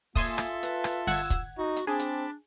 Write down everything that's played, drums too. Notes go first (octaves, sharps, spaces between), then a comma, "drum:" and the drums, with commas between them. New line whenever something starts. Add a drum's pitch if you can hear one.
A#3 F4 A4 E5 G#5 A5 C6 D#6, drum: kick, open hi-hat
drum: rim click
B4, drum: hi-hat
drum: rim click
G1 F#5 E6 G#6, drum: open hi-hat
drum: kick, hi-hat
D#4 F#4
drum: hi-hat
C4 D4 G#4 A5 B5 D6
drum: hi-hat